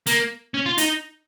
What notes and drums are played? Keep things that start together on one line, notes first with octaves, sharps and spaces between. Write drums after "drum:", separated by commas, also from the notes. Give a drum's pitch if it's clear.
A#3, drum: hi-hat
C#4
F4
D#4, drum: hi-hat